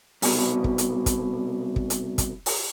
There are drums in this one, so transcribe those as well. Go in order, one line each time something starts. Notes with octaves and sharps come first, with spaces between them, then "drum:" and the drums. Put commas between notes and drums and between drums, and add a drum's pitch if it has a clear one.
C2 B2, drum: open hi-hat
drum: kick
drum: hi-hat
drum: kick, hi-hat
drum: kick
drum: hi-hat
drum: kick, hi-hat
drum: open hi-hat